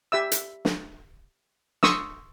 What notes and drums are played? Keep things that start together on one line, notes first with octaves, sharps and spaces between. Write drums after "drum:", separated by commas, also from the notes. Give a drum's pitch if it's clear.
G4 E5 E6
drum: hi-hat
drum: snare
C6 C#6 D#6 E6, drum: snare